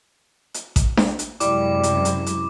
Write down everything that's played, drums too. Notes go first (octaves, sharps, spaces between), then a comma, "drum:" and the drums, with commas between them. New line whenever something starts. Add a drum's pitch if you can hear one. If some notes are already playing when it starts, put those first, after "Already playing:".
drum: hi-hat
drum: kick A1, hi-hat
drum: snare D4
drum: hi-hat
F#2 C3 G3 G#3 E4 D6, drum: hi-hat
drum: hi-hat
drum: hi-hat
drum: hi-hat